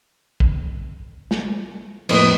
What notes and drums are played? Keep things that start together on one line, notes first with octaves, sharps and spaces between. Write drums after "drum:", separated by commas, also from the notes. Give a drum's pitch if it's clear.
drum: kick
drum: snare
F2 A2 A#3 B3 D#5, drum: cymbal